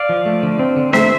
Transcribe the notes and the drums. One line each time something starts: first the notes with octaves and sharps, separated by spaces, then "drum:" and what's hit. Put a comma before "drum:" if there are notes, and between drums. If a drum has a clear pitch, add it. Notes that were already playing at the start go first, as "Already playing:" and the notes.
Already playing: D5 F5
F3
A3
D3
C4
D3
A3 C5 E5, drum: snare B3